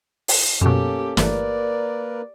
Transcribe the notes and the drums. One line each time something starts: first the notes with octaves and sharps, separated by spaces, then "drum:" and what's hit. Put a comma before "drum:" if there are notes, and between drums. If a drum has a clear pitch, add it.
drum: open hi-hat
F#2 B2 A#3 C#4 G4 A4
G1 E3 A3 A#3 A#4 B4 D5, drum: snare